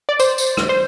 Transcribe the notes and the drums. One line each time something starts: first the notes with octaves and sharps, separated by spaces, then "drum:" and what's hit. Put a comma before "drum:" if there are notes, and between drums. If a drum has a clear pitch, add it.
D5
C5, drum: tambourine
drum: tambourine
drum: rim click
C5